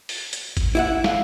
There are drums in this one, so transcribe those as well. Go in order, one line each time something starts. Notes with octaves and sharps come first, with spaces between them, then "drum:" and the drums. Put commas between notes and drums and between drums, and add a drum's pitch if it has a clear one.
drum: open hi-hat
drum: hi-hat
drum: kick G#1, hi-hat
E4 E5 F#5
F5, drum: snare